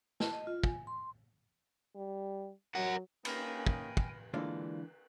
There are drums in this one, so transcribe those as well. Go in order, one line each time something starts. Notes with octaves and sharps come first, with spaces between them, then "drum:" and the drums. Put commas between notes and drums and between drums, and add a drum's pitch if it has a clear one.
A5, drum: snare
D#5
F4
G#5, drum: kick
C6
G3
F#3 A#4 F#5
A#3 C#4 D#4 G5 G#5 B5 F6 A#6, drum: cymbal
drum: kick
drum: kick
D3 E3 G#3 A#3 D4 F4